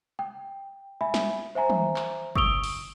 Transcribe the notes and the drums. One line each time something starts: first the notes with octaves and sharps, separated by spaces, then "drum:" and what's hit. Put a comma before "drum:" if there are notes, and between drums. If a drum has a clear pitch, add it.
G5
E5 G#5 B5
drum: snare
C5 E5 G#5 A#5
drum: tom
drum: clap
C#6 D#6 E6 D7 F7 G7, drum: kick
drum: open hi-hat